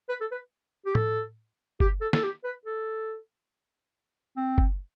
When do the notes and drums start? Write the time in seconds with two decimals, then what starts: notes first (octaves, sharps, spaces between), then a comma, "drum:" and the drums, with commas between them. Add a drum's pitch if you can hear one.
0.09 B4
0.20 A4
0.32 B4
0.86 G4
0.95 A4, drum: tom A2
1.80 G4, drum: kick F#1
2.01 A4
2.13 A4, drum: snare
2.23 G4
2.44 B4
2.65 A4
4.37 C4
4.58 drum: kick F#1